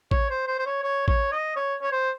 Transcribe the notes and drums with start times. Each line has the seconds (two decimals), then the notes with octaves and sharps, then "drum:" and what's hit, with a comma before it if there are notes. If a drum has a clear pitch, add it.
0.11 C#5, drum: kick A1
0.30 C5
0.47 C5
0.59 C5
0.66 C#5
0.83 C#5
1.08 C#5, drum: kick A1
1.32 D#5
1.56 C#5
1.82 C#5
1.92 C5